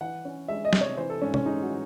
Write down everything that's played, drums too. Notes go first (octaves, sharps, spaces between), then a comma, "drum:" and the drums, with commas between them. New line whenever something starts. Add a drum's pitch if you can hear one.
E3 F#5
C#4
G#3 E5
D#5
C3, drum: snare
C#5
E3 C5
A4
G#2 C#4
C#4, drum: tom
G#3 D#4
F#4
E3